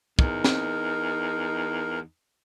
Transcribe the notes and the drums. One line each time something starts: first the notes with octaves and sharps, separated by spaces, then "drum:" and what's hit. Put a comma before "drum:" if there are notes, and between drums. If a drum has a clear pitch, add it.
E2 D#4 A#4, drum: kick
drum: snare